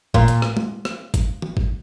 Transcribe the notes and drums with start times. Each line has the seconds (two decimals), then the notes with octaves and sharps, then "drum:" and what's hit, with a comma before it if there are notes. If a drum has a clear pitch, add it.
0.14 A#2, drum: kick G1
0.28 drum: hi-hat
0.42 drum: rim click
0.57 drum: tom G#3
0.85 drum: rim click
1.14 drum: kick G1, hi-hat
1.42 drum: tom
1.57 drum: kick G1